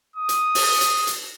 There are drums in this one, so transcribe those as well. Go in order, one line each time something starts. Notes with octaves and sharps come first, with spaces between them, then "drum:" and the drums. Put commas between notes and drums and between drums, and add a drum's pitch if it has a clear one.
D#6
drum: hi-hat
drum: open hi-hat
drum: hi-hat
drum: hi-hat